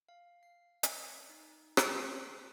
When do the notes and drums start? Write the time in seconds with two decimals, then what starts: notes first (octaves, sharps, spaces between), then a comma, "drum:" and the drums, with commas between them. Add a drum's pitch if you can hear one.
0.09 F5
0.43 C7
0.83 C#5, drum: hi-hat
1.29 D#4
1.77 C6, drum: rim click